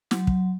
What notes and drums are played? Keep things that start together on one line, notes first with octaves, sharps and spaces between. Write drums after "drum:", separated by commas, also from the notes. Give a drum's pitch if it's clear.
F#3, drum: snare
drum: kick